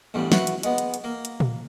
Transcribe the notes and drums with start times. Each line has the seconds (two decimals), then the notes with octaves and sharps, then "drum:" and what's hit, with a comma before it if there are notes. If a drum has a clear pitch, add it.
0.14 A1 E2 G2 G3
0.32 E4 F#4 B4 F#5, drum: snare
0.47 drum: hi-hat
0.63 G#3 B3, drum: hi-hat
0.78 drum: hi-hat
0.94 drum: hi-hat
1.04 A#3
1.25 drum: hi-hat
1.40 drum: tom A#2